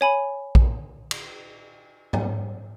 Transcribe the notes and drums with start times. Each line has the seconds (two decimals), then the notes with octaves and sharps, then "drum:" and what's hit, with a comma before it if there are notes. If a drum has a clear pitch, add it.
0.01 C#5 G#5 B5
0.55 drum: kick A#1
1.11 drum: cymbal
2.13 drum: tom G#2